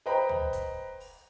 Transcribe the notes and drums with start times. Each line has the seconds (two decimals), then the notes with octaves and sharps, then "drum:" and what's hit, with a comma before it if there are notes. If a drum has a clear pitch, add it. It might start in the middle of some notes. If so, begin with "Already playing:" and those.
0.06 B4 C5 D#5 G5 A#5 B5
0.29 drum: tom
0.53 drum: kick F1, hi-hat
1.00 drum: open hi-hat